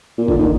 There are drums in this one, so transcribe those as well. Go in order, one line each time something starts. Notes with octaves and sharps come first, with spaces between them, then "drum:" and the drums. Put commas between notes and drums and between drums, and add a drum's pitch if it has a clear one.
A#2
D3, drum: kick G1
D#3